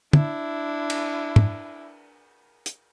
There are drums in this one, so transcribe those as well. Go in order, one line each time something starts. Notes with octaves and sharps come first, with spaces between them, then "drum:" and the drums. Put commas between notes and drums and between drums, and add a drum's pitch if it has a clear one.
D4 E4, drum: tom
drum: cymbal
drum: tom
drum: hi-hat